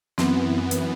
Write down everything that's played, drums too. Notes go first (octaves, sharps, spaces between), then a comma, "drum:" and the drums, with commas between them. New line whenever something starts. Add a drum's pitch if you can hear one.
F#2 E3 B3 C4, drum: snare
drum: hi-hat